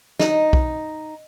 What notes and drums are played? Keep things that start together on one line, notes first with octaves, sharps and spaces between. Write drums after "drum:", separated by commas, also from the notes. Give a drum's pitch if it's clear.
D#4, drum: snare
drum: kick B1